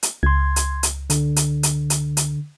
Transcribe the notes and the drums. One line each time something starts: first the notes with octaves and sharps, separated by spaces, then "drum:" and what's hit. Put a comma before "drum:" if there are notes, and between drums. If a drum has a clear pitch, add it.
drum: hi-hat
C#2 C6 G#6
drum: hi-hat
drum: hi-hat
D3, drum: hi-hat
drum: hi-hat
drum: hi-hat
drum: hi-hat
drum: hi-hat